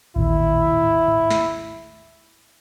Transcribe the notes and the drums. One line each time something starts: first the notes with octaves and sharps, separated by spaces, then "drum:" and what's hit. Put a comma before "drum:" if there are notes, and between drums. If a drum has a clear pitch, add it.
A1 D#2 A#2 E4, drum: kick A1
drum: tom G#2
drum: tom G#2
drum: snare